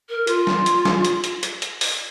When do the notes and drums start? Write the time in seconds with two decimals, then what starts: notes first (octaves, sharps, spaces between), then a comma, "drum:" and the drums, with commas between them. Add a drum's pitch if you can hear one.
0.09 A#4
0.27 F4, drum: hi-hat
0.47 drum: snare
0.66 drum: hi-hat
0.85 drum: snare
1.05 drum: hi-hat
1.24 drum: hi-hat
1.43 drum: hi-hat
1.62 drum: hi-hat
1.81 drum: open hi-hat